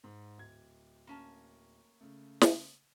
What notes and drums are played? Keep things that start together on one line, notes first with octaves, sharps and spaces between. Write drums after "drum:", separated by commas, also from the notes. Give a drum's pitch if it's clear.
G#2
D1 G#6
A#3 C#4 A5
C#3 A3
drum: snare